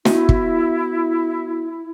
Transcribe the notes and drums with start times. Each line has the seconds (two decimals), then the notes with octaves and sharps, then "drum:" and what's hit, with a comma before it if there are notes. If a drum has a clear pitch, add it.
0.05 B3 E4 F#4 E5, drum: snare
0.29 drum: kick